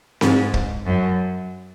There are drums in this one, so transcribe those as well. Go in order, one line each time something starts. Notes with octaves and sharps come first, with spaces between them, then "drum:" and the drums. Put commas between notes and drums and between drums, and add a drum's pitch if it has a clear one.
G#2, drum: snare C4
drum: kick
F#2